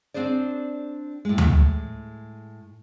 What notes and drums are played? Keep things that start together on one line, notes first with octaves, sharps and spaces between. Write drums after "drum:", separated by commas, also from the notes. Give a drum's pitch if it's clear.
C4 D4 G#4 C5 D5
A2 G#3
drum: tom D2